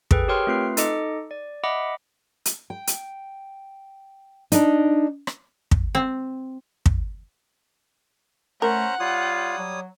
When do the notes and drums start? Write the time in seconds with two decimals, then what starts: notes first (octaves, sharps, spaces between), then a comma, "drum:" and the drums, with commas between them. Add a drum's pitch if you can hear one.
0.11 G#4 A4 B4 G5, drum: kick
0.28 G4 A#4 C#5 G5 C6 F6
0.47 A3 C4 F4 B4 C7
0.77 D#4 A4 D#5 D6 C#7, drum: hi-hat
1.31 D5
1.64 D#5 E5 F#5 B5 D6
2.45 drum: hi-hat
2.70 G5
2.87 drum: hi-hat
4.52 D4 D#4, drum: hi-hat
5.27 drum: rim click
5.71 drum: kick
5.95 C4
6.86 drum: kick
8.62 A3 C#4 A#4 C5 F#5 A#5
9.00 G3 F4 C#5 D#6
9.58 F#3